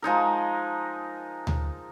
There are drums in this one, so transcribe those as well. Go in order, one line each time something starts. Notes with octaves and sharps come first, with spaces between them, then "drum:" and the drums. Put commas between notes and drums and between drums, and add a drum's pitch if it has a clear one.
F3 G#3 D#4 A#4
drum: tom D2